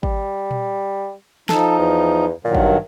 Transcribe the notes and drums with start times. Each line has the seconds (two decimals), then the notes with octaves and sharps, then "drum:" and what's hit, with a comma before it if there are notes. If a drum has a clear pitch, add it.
0.03 G3, drum: kick G#1
0.51 drum: tom A#2
1.49 F3 D#4 A4, drum: snare
1.79 E2
2.45 G2 A#2 D#3 F#3
2.55 drum: kick G#1